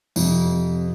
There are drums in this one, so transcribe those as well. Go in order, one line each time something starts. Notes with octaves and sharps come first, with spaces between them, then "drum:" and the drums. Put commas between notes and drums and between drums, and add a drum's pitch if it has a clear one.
F2 C3, drum: tambourine